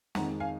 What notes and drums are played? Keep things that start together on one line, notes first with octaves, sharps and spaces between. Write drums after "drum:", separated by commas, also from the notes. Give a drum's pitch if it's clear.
F2 D#3 G#3 D#4 F#5 A#5, drum: snare
F5 G#5